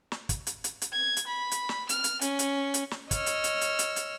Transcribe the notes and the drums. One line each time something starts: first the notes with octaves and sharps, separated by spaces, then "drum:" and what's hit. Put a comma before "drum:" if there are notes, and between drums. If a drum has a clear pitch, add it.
drum: snare
drum: kick, hi-hat
drum: hi-hat
drum: hi-hat
drum: hi-hat
G#6
drum: hi-hat
B5
drum: hi-hat
drum: snare
F6, drum: hi-hat
drum: hi-hat
C#4, drum: hi-hat
drum: hi-hat
drum: hi-hat
drum: snare
C#5 D#5 E6 F6, drum: kick, hi-hat
drum: hi-hat
drum: hi-hat
drum: hi-hat
drum: hi-hat
drum: hi-hat